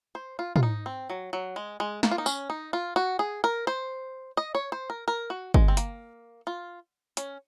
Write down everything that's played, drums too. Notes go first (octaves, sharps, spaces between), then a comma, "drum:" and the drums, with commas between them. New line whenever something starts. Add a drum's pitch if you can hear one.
C5
F4
F4, drum: tom
D#4
C4
F#3
F#3
G#3
G#3
A#3, drum: snare
F4
D#4
C#4, drum: tambourine
D#4
F4
F#4
G#4
A#4
C5
D#5
C#5
C5
A#4
A#4
F#4
G#3, drum: kick
C4
A#3, drum: hi-hat
F4
C#4, drum: hi-hat